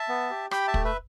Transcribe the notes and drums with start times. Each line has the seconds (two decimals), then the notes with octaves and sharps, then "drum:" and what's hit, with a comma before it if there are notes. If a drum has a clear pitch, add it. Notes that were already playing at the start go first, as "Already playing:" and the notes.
Already playing: E5 A5
0.09 B3
0.31 G4
0.51 G4 G5 B5, drum: rim click
0.68 E5 A5
0.74 A3, drum: kick
0.84 B4 E5